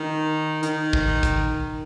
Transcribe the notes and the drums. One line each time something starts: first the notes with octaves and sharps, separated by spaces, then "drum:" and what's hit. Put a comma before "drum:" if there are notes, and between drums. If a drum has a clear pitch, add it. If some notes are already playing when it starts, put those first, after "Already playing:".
Already playing: D#3
D#3, drum: hi-hat
drum: kick
drum: kick, hi-hat